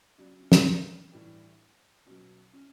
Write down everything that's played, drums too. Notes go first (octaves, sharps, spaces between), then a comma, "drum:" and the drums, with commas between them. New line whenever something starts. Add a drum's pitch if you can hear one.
C#3 F#3 D4
C#4
drum: snare
B3
C#4
A2 E3 G3 D4
B2 F#3 C#4
C#4